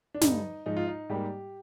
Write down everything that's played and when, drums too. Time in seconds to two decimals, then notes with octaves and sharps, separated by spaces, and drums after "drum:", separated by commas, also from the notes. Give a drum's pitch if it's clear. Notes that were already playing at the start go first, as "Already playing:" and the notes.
0.14 D4
0.21 G2 D3 G3 D#4, drum: snare
0.66 G#2 F3 G#3 D#4
0.77 F4
0.88 D#4
1.09 G#2 G3 A#3 G4